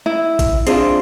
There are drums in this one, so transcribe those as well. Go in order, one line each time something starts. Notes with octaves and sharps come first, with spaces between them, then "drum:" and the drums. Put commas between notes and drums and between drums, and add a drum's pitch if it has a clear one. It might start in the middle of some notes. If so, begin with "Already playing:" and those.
E4
drum: kick A1, hi-hat
C4 D4 F4 G#4, drum: hi-hat